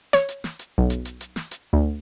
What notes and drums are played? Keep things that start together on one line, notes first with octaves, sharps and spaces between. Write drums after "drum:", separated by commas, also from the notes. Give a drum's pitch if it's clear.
C#5, drum: snare
drum: hi-hat
drum: snare
drum: hi-hat
B1
drum: hi-hat
drum: hi-hat
drum: hi-hat
drum: snare
drum: hi-hat
D2